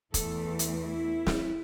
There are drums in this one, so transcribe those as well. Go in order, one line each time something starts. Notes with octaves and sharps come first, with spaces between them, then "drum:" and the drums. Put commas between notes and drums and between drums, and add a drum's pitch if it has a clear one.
E2 E3 A3 A4, drum: kick, hi-hat
drum: hi-hat
E4
drum: snare